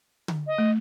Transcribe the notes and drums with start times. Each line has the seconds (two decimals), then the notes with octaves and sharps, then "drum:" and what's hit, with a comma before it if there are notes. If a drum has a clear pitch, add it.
0.28 drum: tom D3
0.47 D#5
0.58 A3